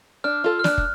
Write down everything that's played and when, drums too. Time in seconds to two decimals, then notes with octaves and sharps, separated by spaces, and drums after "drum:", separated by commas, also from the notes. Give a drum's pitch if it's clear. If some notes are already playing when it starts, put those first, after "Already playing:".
0.24 D4 F6
0.44 F4 A4
0.59 F6
0.64 D4 F#6, drum: snare
0.78 drum: kick